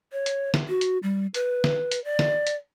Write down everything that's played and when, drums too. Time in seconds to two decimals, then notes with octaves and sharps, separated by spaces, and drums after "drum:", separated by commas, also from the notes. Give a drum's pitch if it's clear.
0.12 C#5
0.26 drum: hi-hat
0.54 drum: snare
0.68 F#4
0.81 drum: hi-hat
1.03 G3
1.34 B4, drum: hi-hat
1.64 drum: snare
1.92 drum: hi-hat
2.04 D5
2.19 drum: snare
2.47 drum: hi-hat